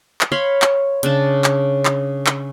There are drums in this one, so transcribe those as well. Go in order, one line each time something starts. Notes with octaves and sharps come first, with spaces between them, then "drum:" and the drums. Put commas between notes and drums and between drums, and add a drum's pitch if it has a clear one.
drum: clap
C#5 F5 B5 C6
drum: clap
C#3 D4 A5, drum: hi-hat
drum: clap
drum: clap
drum: clap